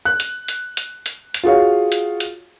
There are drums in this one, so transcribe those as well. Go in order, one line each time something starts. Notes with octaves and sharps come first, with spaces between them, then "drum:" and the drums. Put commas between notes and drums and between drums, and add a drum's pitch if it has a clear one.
F#6
drum: hi-hat
drum: hi-hat
drum: hi-hat
drum: hi-hat
drum: hi-hat
F4 F#4 G#4 C#5 F5
drum: hi-hat
drum: hi-hat